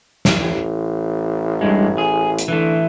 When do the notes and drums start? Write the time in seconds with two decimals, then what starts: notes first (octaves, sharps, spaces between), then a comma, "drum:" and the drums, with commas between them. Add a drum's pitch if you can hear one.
0.25 drum: snare
0.40 A1
1.61 G2 G#3
1.98 G#4
2.39 drum: hi-hat
2.48 D3 E3 A3